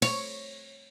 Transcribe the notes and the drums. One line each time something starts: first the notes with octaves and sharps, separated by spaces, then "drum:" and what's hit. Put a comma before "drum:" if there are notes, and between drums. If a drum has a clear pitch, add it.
C#5, drum: cymbal